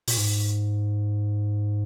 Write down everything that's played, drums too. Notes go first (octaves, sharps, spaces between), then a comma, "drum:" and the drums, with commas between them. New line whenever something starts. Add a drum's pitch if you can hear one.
A#2, drum: open hi-hat
G#2